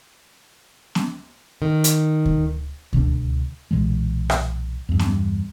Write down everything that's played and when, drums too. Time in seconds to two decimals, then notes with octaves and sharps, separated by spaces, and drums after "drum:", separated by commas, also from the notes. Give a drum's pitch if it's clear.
0.95 drum: snare
1.62 D#3
1.84 drum: hi-hat
2.25 drum: kick D2
2.93 C#2 B2 D3 D4, drum: kick D2
3.71 B1 A#2 E3 G#3
4.30 drum: rim click
4.89 E2 G2
4.99 drum: snare